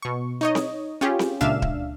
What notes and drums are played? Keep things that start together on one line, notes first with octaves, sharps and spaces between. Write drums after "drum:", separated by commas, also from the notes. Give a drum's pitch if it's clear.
B2 C#6
D#4 C#5 D#5
drum: snare C4
C#4 F4 G4 G#4
drum: snare C4
C#2 A#2 D4 E5 F5 E7
drum: kick D1